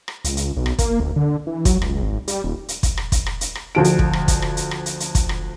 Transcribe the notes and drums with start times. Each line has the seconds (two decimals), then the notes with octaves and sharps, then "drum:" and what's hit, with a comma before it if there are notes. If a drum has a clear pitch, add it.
0.08 drum: rim click
0.24 C#2, drum: hi-hat
0.37 drum: hi-hat
0.57 B1
0.66 drum: rim click
0.79 A#3, drum: kick, hi-hat
1.00 D2
1.16 D3
1.47 E3
1.65 F#3, drum: kick, hi-hat
1.82 C#2, drum: rim click
2.02 G#1
2.28 G3, drum: hi-hat
2.44 D#1
2.69 drum: hi-hat
2.83 drum: kick, hi-hat
2.97 drum: rim click
3.12 drum: kick, hi-hat
3.26 drum: rim click
3.41 drum: hi-hat
3.55 drum: rim click
3.75 D2 F3 D7
3.84 drum: hi-hat
3.99 drum: kick
4.13 drum: rim click
4.28 drum: kick, hi-hat
4.42 drum: rim click
4.57 drum: hi-hat
4.71 drum: rim click
4.86 drum: hi-hat
5.00 drum: hi-hat
5.15 drum: kick, hi-hat
5.29 drum: rim click